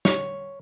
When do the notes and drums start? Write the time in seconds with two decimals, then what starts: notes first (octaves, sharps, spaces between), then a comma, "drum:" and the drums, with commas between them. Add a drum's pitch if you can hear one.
0.05 C#5, drum: snare